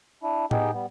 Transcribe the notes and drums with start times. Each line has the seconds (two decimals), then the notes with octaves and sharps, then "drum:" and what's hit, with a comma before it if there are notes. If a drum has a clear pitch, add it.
0.23 D4 E4
0.51 B3 D#4 G4 G#4 D#5 G5, drum: tom A2
0.73 G3 B3